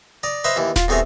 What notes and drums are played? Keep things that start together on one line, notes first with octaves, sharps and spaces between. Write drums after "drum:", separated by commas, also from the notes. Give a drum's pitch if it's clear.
D5 A#5 D#6
B4 C5 D#5 E5 A#5
D#2 E3
F4, drum: snare D#1
E2 C3 A3 G#4 A#5 D#6